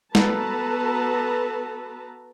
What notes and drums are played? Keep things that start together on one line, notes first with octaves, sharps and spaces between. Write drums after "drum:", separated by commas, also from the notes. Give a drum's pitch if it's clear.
B3 F#4 A4 B4 A5 A#5, drum: snare